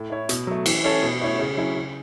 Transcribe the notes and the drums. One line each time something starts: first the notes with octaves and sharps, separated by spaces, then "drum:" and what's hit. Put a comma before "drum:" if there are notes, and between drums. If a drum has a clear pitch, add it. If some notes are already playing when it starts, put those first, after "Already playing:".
Already playing: A2
A3 E4 C#5
B2, drum: hi-hat
F#3 A3
E3, drum: cymbal
C#4 E4 A4 C#5
B2
A3 E4 C#5
C#3
F#3 C#4 E4
C#3